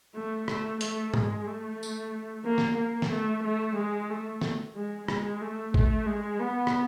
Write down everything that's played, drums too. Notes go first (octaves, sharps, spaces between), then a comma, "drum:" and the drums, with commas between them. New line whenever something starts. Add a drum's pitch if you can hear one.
A3
A3, drum: rim click
A3, drum: hi-hat
G#3, drum: tom G#2
A3
drum: tambourine
A#3
drum: snare
A#3
drum: snare
A3
A3
G#3
A3
drum: snare
G#3
G#3, drum: rim click
A3
A3, drum: kick
G#3
B3
drum: rim click